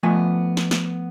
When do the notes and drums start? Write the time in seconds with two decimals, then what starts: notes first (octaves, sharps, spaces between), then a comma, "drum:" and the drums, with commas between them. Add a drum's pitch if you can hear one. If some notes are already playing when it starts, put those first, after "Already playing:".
0.03 F3 A3 B3 G#5
0.57 drum: snare
0.71 drum: snare